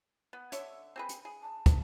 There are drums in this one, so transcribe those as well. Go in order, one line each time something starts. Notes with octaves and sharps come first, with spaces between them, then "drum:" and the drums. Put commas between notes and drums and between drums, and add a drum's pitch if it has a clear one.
B3
D3 C#5 E5, drum: hi-hat
C4 G#4 B4
drum: hi-hat
G#4
A5
drum: kick, hi-hat